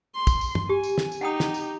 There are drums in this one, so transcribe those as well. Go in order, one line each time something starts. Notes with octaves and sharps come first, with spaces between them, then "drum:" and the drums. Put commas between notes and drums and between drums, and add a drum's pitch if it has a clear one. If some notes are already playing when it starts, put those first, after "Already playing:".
C6
drum: kick, tambourine
drum: tambourine
drum: tom
G4 G#5
drum: tambourine
drum: snare
drum: tambourine
D#4 G4 F#5 G5 D#6
drum: snare
drum: tambourine